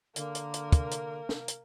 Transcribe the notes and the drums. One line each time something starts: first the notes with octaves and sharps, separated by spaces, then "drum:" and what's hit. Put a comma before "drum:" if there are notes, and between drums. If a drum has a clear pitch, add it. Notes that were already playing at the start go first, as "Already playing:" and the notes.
D3 A#3 A#4, drum: hi-hat
drum: hi-hat
drum: hi-hat
drum: kick, hi-hat
drum: hi-hat
drum: snare
drum: hi-hat